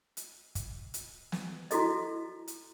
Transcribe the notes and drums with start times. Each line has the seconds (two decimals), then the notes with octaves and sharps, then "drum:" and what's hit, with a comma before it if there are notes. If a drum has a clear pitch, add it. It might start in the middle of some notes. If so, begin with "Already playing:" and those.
0.17 drum: hi-hat
0.55 drum: kick, hi-hat
0.94 drum: hi-hat
1.32 drum: snare
1.71 E4 F#4 A4 D#5, drum: hi-hat
2.48 drum: hi-hat